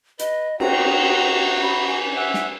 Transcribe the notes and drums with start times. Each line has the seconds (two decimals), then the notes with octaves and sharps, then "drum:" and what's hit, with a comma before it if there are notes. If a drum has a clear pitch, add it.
0.19 B4 D#5, drum: hi-hat
0.60 F#4 G5 A#5, drum: cymbal
1.61 B5
1.87 G#5
2.16 E5 F#5
2.34 drum: snare